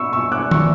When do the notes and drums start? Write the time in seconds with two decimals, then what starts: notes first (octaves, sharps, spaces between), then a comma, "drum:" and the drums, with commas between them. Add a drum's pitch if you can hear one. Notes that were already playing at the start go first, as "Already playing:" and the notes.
Already playing: G#2 B5 C#6 E6
0.13 C#6 E6
0.32 D6 F#6
0.51 C#6 E6, drum: tom D#3